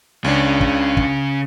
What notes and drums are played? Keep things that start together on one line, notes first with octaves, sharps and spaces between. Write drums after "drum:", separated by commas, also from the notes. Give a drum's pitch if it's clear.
C#2 C#3 C#4 D4
drum: kick
drum: kick